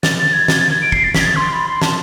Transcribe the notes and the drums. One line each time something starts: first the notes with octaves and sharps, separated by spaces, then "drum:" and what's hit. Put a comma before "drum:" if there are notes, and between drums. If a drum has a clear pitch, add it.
A6, drum: snare
A6
G#6
A6, drum: snare
A6
G#6
D7
C7, drum: kick
A6
B6, drum: snare
G#6
A6
C6
B5
C6
A5, drum: snare